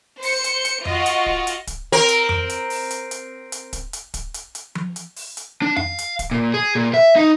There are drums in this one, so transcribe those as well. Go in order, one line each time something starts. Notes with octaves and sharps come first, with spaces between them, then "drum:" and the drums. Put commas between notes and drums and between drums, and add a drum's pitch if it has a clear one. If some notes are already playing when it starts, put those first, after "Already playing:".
C5 G6 C#7, drum: open hi-hat
drum: hi-hat
drum: hi-hat
F4 F#4 D#5, drum: tom F2
drum: hi-hat
drum: kick
drum: hi-hat
drum: kick, hi-hat
C4 A#4
drum: hi-hat
drum: tom F2
drum: hi-hat
drum: open hi-hat
drum: hi-hat
drum: hi-hat
drum: hi-hat
drum: kick, hi-hat
drum: hi-hat
drum: kick, hi-hat
drum: hi-hat
drum: hi-hat
drum: tom F3
drum: hi-hat
drum: open hi-hat
drum: hi-hat
D4
F5, drum: tom F2
drum: hi-hat
drum: kick, hi-hat
A#2
G#4
A#2
E5
D#4